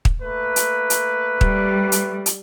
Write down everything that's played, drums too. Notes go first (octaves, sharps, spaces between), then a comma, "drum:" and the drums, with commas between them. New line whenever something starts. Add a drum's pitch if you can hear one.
drum: kick
A3 A#3 B4
drum: hi-hat
drum: hi-hat
G3, drum: kick
drum: hi-hat
drum: hi-hat